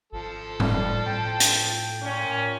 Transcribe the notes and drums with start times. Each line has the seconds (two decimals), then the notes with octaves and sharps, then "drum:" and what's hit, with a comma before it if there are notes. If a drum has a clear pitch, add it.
0.12 G#1 F3 A4
0.60 F#1 G3, drum: tom A2
1.06 A2 G5
1.40 drum: hi-hat
2.02 A#2 C#4